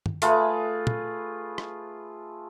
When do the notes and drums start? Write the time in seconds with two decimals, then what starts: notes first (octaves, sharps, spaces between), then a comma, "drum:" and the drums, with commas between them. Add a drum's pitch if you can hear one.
0.06 drum: tom
0.22 A3 F4 G#4 B4, drum: hi-hat
0.87 drum: tom
1.58 drum: rim click